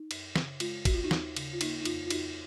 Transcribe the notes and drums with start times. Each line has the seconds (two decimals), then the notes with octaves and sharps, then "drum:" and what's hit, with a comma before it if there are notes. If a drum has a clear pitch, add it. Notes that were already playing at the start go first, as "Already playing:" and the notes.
Already playing: D#4
0.11 F#2, drum: cymbal
0.36 C#3, drum: snare
0.60 G#3 F4, drum: cymbal
0.85 D#2 F#4, drum: kick, cymbal
0.94 F4
1.04 D#4 F#4
1.11 D#2, drum: snare
1.36 C#3, drum: cymbal
1.53 F4
1.61 A#3 D#4, drum: cymbal
1.81 D#4
1.85 F2 F4, drum: cymbal
2.06 F4
2.10 F2 D#4 F#4, drum: cymbal